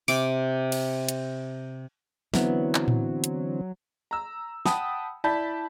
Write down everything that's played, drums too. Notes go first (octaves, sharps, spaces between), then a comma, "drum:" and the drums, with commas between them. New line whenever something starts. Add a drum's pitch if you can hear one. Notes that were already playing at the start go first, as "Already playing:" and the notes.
C3 D6, drum: open hi-hat
drum: cymbal
drum: hi-hat
D3 E3 F#3 B3 C4 E4, drum: snare
drum: clap
drum: tom A2
drum: hi-hat
A#5 E6
F#5 G5 A5 B5 D#6, drum: snare
E4 D5 A5 B5 G6 B6